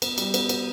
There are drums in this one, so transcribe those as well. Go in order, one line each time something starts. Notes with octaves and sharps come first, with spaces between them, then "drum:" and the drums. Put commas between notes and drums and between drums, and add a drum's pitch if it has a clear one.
B3, drum: cymbal
G3, drum: cymbal
B3, drum: cymbal
B3, drum: cymbal